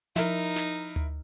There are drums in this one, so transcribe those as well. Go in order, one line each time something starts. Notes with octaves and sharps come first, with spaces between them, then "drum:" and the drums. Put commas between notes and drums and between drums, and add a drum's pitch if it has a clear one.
F3 D#4 E4 A#4, drum: snare
drum: snare
drum: tom D2